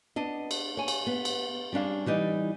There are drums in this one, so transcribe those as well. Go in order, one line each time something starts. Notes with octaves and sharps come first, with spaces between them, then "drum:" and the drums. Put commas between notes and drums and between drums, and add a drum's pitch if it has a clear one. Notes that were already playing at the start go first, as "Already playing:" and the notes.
B3 D4 D#5
drum: cymbal
C#5 G#5
drum: cymbal
B3
drum: cymbal
G3 C#4 D4 F5
E3 G3 D#4 D5